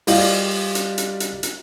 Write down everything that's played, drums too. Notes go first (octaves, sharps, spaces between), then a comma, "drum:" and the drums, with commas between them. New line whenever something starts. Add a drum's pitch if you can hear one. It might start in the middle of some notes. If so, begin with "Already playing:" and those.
G3 F4 G4 D5 D#5 F5, drum: open hi-hat
drum: hi-hat
drum: hi-hat
drum: hi-hat
drum: hi-hat